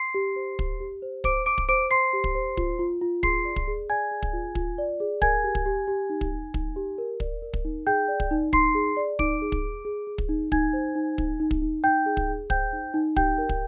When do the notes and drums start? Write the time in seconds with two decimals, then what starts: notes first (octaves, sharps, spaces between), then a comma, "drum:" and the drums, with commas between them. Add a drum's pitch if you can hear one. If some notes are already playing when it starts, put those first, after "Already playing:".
Already playing: C6 C7
0.14 G4
0.36 C5
0.59 G4, drum: kick
0.80 G4
1.02 C5
1.24 C5 D6 D7, drum: kick
1.46 C5 D6 D7
1.58 drum: kick
1.69 C5 D6 D7
1.90 C5 C6 C7
2.13 G4
2.24 drum: kick
2.35 C5
2.57 F4, drum: kick
2.79 F4
3.01 F4
3.23 G#4 C6 C7, drum: kick
3.45 D5
3.56 drum: kick
3.67 G#4
3.90 D5 G#5 G#6
4.11 G#4
4.22 drum: kick
4.33 F4
4.55 F4, drum: kick
4.78 D5
5.00 G#4
5.22 A#4 G#5 G#6, drum: kick
5.44 G4
5.55 drum: kick
5.66 G4
5.88 G4
6.10 D#4
6.21 drum: kick
6.32 D#4
6.54 D#4, drum: kick
6.76 G4
6.98 A#4
7.20 D5, drum: kick
7.42 A#4
7.54 drum: kick
7.65 D#4
7.87 G#4 G5 G6
8.08 D5
8.20 drum: kick
8.31 D#4
8.53 D#4 C6 C7, drum: kick
8.75 G#4
8.97 D5
9.19 D#4 D6 D7, drum: kick
9.42 G#4
9.52 drum: kick
9.63 G#4
9.85 G#4
10.07 G#4
10.18 drum: kick
10.29 D#4
10.52 D#4 G#5 G#6, drum: kick
10.73 C5
10.95 D#4
11.18 D#4, drum: kick
11.40 D#4
11.51 drum: kick
11.62 D#4
11.84 D#4 G5 G6
12.06 G#4
12.17 drum: kick
12.28 G#4
12.50 C5 G5 G6, drum: kick
12.73 D#4
12.94 D#4
13.16 G4 G5 G6, drum: kick
13.38 A#4
13.49 drum: kick